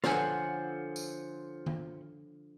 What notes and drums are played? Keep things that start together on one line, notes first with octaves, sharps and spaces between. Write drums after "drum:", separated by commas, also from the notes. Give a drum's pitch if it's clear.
D3 F3 F4 A4 C5 C#5 F#5 G#5, drum: snare
drum: tambourine
drum: tom D#3